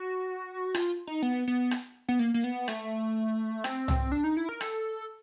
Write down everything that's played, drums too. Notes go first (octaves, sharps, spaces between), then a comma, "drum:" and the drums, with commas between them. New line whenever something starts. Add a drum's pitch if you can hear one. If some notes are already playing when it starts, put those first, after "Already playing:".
Already playing: F#4
F4, drum: rim click
D#4
B3
B3
drum: rim click
B3
A#3
A#3
B3
A3, drum: rim click
C4, drum: rim click
drum: tom C2
D4
D#4
E4
A#4
A4, drum: rim click